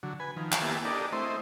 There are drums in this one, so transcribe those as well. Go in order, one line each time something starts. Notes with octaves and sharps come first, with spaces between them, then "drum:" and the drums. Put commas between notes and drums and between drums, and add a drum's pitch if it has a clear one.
D3 F#3
B4 G#5
D#3 F3
drum: clap
A#3 B3 E4 G4 G#5 A5
D4 G4 A4 A#4 D5 D#5
A3 C4 E4 C5 D#5